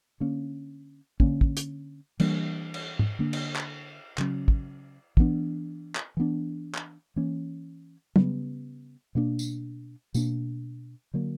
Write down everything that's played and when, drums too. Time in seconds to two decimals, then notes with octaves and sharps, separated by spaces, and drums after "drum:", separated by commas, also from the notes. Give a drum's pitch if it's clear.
0.20 D3 A#3 C#4
1.20 D3 A#3 C#4, drum: kick
1.41 drum: kick
1.57 drum: hi-hat
2.20 E3 G3 A#3 D4, drum: cymbal
2.74 drum: cymbal
2.99 drum: tom G#2
3.19 D3 A#3 D4
3.33 drum: cymbal
3.56 drum: clap
4.18 C#3 F#3 C#4, drum: clap
4.48 drum: kick
5.17 E3 B3 D4, drum: kick
5.96 drum: clap
6.17 E3 B3 D4
6.75 drum: clap
7.16 E3 A#3 C#4
8.16 C#3 G3 B3, drum: tom
9.15 B2 A#3 D4
9.39 drum: tambourine
10.14 B2 A#3 D4, drum: tambourine
11.14 D3 F#3 A#3